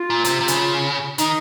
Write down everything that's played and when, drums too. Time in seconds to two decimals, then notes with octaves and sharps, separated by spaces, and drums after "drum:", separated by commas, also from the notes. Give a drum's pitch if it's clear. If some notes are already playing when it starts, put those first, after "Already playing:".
Already playing: F4
0.10 A#2
0.25 C3, drum: hi-hat
0.41 C3
0.48 C#3, drum: hi-hat
1.18 D#3 D#4, drum: hi-hat